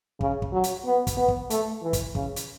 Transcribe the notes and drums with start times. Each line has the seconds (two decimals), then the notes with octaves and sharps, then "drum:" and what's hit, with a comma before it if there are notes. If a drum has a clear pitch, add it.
0.21 C#3, drum: kick
0.42 drum: kick
0.52 F#3
0.64 drum: hi-hat
0.86 B3
1.07 drum: kick, hi-hat
1.17 B3
1.28 drum: kick
1.50 A3, drum: hi-hat
1.82 E3
1.93 drum: kick, hi-hat
2.15 C#3, drum: kick
2.36 drum: hi-hat